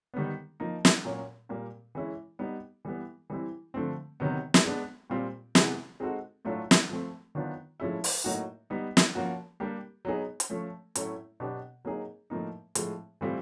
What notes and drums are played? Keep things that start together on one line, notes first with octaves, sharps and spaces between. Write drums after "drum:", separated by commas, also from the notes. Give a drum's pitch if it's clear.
D#3 G3 B3
F3 A#3 D#4
drum: snare
A#2 F#3 A#3 C#4
A#2 G3 A#3
E3 G#3 C#4 E4
G3 B3 D#4
E3 G3 B3
E3 G3 C4 E4
D3 F3 A3 C4
C3 D#3 F#3 B3
drum: snare
G#3 B3 D4
A#2 G3 C4 F4
C3 E3 G#3 B3, drum: snare
G#3 C4 D#4 F#4 A4
A2 F#3 A3 D4 F4
drum: snare
F3 A3 C4
D#3 F#3 B3 D4 F4
A2 F3 G#3 C#4 E4
drum: open hi-hat
A2 F#3 A#3 D#4 F#4
G3 B3 D#4
drum: snare
F3 A#3 C#4 F#4
G3 A#3 D4 G4
F#3 B3 D#4 G#4
drum: hi-hat
F3 A3 C#4
A2 F#3 A3 C#4 E4, drum: hi-hat
B2 F#3 B3 D4 G4
F#3 A#3 D#4 G#4
A2 F3 A#3 D#4
A2 F3 G#3, drum: hi-hat
A2 E3 G3 C4 F4